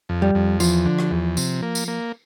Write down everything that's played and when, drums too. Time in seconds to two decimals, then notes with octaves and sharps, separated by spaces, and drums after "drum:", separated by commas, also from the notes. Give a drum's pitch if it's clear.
0.09 F2
0.22 G3
0.35 F2
0.60 E2 F3, drum: tambourine
0.85 D3
0.99 drum: rim click
1.11 E2
1.37 C3, drum: tambourine
1.62 A#3
1.75 drum: tambourine
1.88 A#3